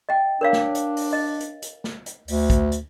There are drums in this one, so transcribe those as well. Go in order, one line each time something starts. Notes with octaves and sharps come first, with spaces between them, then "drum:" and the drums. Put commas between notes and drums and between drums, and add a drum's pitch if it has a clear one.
D#5 G5
D4 A#4 C#5 F5
drum: snare
drum: hi-hat
drum: open hi-hat
D#5
drum: hi-hat
drum: hi-hat
drum: snare
drum: hi-hat
D2, drum: open hi-hat
drum: kick, hi-hat
drum: hi-hat